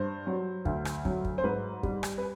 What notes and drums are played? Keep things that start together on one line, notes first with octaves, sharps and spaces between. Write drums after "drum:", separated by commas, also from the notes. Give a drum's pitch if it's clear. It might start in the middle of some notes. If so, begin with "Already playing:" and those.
Already playing: G2 C5
F#3
D2, drum: kick
drum: rim click
F#3, drum: kick
drum: kick
C5
G#2 B4
G3, drum: kick
drum: rim click
B4